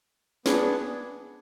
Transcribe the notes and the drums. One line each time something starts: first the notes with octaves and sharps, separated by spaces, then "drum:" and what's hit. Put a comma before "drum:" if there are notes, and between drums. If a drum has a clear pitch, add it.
B3 D4 G#4, drum: snare